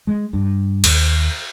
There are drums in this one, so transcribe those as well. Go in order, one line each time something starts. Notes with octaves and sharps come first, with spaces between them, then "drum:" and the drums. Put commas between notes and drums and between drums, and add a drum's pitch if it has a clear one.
G#3
G2
D#2, drum: cymbal